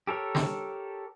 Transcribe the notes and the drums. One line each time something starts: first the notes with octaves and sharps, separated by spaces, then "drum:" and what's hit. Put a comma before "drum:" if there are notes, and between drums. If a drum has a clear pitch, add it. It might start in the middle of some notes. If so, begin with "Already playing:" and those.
G4 A4 A#4 C#5
drum: snare